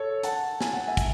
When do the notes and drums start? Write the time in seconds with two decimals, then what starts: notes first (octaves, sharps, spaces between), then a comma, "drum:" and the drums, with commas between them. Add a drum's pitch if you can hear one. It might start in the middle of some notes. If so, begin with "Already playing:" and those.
Already playing: A4 C#5
0.23 F#5 A5, drum: hi-hat
0.61 G#5, drum: snare
0.74 F#5
0.87 E5 G#5
0.97 drum: kick, hi-hat